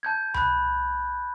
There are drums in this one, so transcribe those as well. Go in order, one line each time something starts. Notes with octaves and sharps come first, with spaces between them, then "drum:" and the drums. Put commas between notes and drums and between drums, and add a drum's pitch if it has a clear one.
A5 G6 G#6
B5 F#6, drum: tom C2